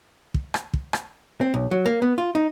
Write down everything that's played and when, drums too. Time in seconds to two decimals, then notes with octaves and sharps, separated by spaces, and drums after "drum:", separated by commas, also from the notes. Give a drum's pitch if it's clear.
0.34 drum: kick
0.54 drum: rim click
0.74 drum: kick
0.93 drum: rim click
1.41 C4
1.54 B1
1.71 F#3
1.86 A#3
2.02 B3
2.18 F4
2.35 D#4